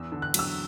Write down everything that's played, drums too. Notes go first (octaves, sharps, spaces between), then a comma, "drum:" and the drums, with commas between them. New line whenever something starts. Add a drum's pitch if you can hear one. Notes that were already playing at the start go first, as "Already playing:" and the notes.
Already playing: E2 E6
D3
F#6
F#3 E6, drum: cymbal